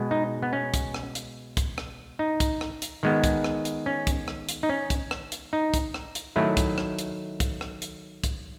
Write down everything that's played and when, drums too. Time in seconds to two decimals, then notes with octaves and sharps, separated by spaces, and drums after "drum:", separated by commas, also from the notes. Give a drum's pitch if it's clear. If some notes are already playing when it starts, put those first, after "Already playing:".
Already playing: B2 G#3 B3
0.11 D#4
0.42 B3
0.53 C#4
0.74 drum: kick, hi-hat
0.94 drum: rim click
1.15 drum: hi-hat
1.57 drum: kick, hi-hat
1.78 drum: rim click
2.19 D#4
2.40 drum: kick, hi-hat
2.61 drum: rim click
2.82 drum: hi-hat
3.03 D#3 G#3 B3
3.24 drum: kick, hi-hat
3.44 drum: rim click
3.65 drum: hi-hat
3.86 C#4
4.07 drum: kick, hi-hat
4.28 drum: rim click
4.49 drum: hi-hat
4.63 D#4
4.69 C#4
4.90 drum: kick, hi-hat
5.11 drum: rim click
5.32 drum: hi-hat
5.53 D#4
5.74 drum: kick, hi-hat
5.94 drum: rim click
6.15 drum: hi-hat
6.36 D#3 F#3 A3 E4
6.57 drum: kick, hi-hat
6.78 drum: rim click
6.99 drum: hi-hat
7.40 drum: kick, hi-hat
7.61 drum: rim click
7.82 drum: hi-hat
8.24 drum: kick, hi-hat